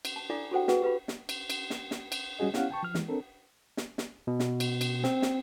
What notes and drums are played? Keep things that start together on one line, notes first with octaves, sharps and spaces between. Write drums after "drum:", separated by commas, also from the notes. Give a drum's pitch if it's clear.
drum: cymbal
A5
D4 E4 A4 D5 F5 D6
F#4 G4 A4 C5 F#5 G5
F#4 G#4 B4 F#5 G5, drum: snare
G4 B4 F5 B5
drum: snare
drum: cymbal
drum: cymbal
drum: snare
drum: snare
drum: cymbal
G3 C#4 F#4 G#4 D#5
B3 C#4 E4 G4 F5 F#5, drum: snare
G5 A5 C#6
F3 F6
E3 G#3, drum: snare
C4 D4 A4 A#4
drum: snare
drum: snare
B2
drum: snare
drum: cymbal
drum: cymbal
C4, drum: snare
drum: snare